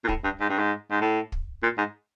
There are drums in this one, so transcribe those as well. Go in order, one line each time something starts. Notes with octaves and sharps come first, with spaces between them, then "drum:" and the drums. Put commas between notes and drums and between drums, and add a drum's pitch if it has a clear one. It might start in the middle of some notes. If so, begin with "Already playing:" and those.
A#2
A2, drum: kick
G2
G#2
G2
G#2
G#2
A2
drum: kick
A#2
G#2